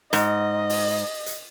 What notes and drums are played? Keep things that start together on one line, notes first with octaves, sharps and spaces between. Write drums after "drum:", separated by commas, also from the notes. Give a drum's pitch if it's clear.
G#2 D#5, drum: hi-hat
drum: open hi-hat
drum: hi-hat